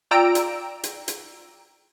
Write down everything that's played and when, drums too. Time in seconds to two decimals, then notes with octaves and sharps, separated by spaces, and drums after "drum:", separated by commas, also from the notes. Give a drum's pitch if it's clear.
0.11 F4 D5 G5 A#5 E6 D7
0.35 drum: hi-hat
0.83 drum: hi-hat
1.08 drum: hi-hat